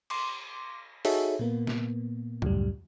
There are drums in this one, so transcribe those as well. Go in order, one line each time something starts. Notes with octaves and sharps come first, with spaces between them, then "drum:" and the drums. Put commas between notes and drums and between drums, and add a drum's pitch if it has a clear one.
C6 D6, drum: cymbal
D#4 F#4 G#4 A4 C#5 E5, drum: open hi-hat
A#2 A#3 B3
drum: snare
C#2 F#2 A2 G3, drum: tom